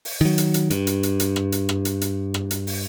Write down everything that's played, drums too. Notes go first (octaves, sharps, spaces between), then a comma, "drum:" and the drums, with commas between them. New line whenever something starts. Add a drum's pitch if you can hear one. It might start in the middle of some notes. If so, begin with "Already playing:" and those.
drum: open hi-hat
D#3 F#3
drum: hi-hat
drum: hi-hat
G2, drum: hi-hat
drum: hi-hat
drum: hi-hat
drum: hi-hat
drum: rim click
drum: hi-hat
drum: rim click
drum: hi-hat
drum: hi-hat
drum: rim click
drum: hi-hat
drum: open hi-hat